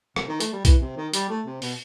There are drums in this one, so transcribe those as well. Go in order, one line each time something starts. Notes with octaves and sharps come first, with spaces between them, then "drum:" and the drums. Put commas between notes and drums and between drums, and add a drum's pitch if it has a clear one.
C3, drum: rim click
D#3
A3, drum: hi-hat
G3
E3, drum: kick B1, hi-hat
C3
D#3
G3, drum: hi-hat
A3
C3
B2, drum: open hi-hat